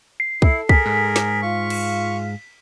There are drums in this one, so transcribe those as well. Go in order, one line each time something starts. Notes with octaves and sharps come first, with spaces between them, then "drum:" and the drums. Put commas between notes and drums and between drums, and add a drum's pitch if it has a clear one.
C7
E4 A4, drum: kick
G#4 A#4 B6, drum: kick
G#2
drum: snare
F4 F5 C#6
drum: cymbal